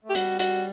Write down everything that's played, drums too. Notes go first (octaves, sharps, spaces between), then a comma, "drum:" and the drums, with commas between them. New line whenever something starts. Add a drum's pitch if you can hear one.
A3 G4
G3 F#4, drum: hi-hat
F#4, drum: hi-hat